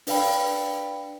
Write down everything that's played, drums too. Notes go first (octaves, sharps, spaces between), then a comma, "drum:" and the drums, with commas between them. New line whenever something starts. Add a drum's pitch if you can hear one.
D4 B4 D5 F5 G5 B5, drum: open hi-hat